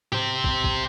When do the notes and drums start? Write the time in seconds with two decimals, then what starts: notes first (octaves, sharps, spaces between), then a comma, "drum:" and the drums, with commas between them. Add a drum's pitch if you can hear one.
0.13 G4 C5, drum: tom G#2
0.44 drum: kick
0.64 drum: kick